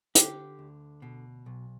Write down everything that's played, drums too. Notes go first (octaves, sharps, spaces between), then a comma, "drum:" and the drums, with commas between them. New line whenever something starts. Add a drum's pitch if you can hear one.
D3 G4, drum: hi-hat
D2
B2
B1